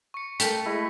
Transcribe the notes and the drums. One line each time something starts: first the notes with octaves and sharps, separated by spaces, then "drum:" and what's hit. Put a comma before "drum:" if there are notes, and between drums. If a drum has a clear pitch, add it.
C#6 C#7
A3 A#4 G5 B6, drum: hi-hat
G#3 E4